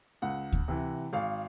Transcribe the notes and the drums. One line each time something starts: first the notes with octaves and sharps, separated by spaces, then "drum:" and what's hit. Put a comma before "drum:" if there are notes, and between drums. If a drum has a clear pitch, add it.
C#2 F#5
drum: kick D2
C3 E3
G#1 F5